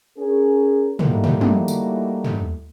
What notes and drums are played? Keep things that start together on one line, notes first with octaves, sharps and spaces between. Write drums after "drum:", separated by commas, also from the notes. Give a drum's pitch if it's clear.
C#4 G#4 A#4
G3 A3 A#3 D#4 E4 F#4, drum: tom
drum: tom
drum: tom
drum: tambourine
drum: tom